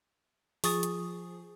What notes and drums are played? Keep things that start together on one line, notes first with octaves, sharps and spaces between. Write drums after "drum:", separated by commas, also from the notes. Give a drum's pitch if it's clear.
F3 G#4 C#6 D#6 A6, drum: open hi-hat
drum: hi-hat